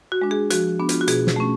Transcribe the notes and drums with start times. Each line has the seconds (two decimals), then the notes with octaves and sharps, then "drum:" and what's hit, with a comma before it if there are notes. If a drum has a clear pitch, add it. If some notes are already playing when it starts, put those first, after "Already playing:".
0.12 F#4
0.22 G#3 D4
0.31 G#4
0.50 F3 F#4, drum: hi-hat
0.79 B3 D4
0.89 F4, drum: hi-hat
1.01 F#4
1.08 B2 G#4, drum: hi-hat
1.27 drum: snare
1.36 A3 C#4